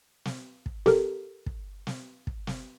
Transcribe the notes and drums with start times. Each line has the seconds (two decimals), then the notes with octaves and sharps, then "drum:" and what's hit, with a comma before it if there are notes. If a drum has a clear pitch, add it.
0.25 drum: snare
0.66 drum: kick
0.86 G4 A4 A#4, drum: snare
1.46 drum: kick
1.87 drum: snare
2.27 drum: kick
2.47 drum: snare